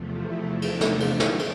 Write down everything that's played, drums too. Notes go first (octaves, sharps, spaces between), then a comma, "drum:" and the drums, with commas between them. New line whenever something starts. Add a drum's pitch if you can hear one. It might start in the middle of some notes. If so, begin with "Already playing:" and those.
Already playing: E2 C3 F3 A3
E4
D4, drum: cymbal
drum: snare
drum: cymbal
drum: snare
drum: cymbal